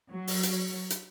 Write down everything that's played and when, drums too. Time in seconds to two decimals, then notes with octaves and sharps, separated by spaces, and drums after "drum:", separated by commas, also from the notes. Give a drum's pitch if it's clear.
0.12 F#3
0.27 drum: open hi-hat
0.43 drum: hi-hat
0.90 drum: hi-hat